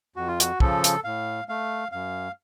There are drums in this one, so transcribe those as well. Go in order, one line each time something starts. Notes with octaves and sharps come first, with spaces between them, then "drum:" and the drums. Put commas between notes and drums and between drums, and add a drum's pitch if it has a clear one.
F2 F#4
F4
F#4, drum: hi-hat
C#3 F3 A4, drum: kick
drum: hi-hat
A2 F5
A3 F5
F#2 F5